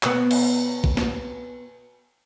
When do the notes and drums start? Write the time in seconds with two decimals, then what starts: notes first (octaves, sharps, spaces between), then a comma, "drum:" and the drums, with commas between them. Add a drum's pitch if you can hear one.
0.03 B2 B3, drum: clap
0.31 drum: cymbal
0.84 drum: kick
0.97 drum: snare